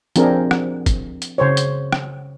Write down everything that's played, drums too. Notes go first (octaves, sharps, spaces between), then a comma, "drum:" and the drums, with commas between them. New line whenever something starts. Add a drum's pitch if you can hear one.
F3 C4 D4 G#4 A#4, drum: hi-hat
drum: rim click
drum: kick, hi-hat
drum: hi-hat
C#3 C5 C#5
drum: hi-hat
drum: rim click